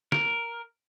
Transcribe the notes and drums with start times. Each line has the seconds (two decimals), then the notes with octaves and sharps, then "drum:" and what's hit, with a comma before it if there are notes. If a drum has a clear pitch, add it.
0.12 A#4, drum: snare